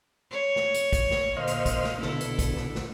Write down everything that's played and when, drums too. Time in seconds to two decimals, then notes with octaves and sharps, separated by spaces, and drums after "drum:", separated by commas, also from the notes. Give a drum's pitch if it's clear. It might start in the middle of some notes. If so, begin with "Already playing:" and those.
0.31 C#5
0.56 drum: snare
0.74 drum: hi-hat
0.93 drum: kick, hi-hat
1.11 drum: snare
1.37 A#2 D3 A#3 C5 D#5 F6
1.47 drum: hi-hat
1.66 drum: kick, hi-hat
1.84 drum: snare
2.02 B2 D3 E4 A4, drum: snare
2.20 drum: hi-hat
2.39 drum: kick, hi-hat
2.57 drum: snare
2.75 drum: snare